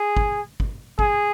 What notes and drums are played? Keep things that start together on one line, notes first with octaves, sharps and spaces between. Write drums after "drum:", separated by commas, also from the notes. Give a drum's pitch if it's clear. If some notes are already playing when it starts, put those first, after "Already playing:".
Already playing: G#4
drum: kick G1
drum: kick G1
G#4, drum: kick G1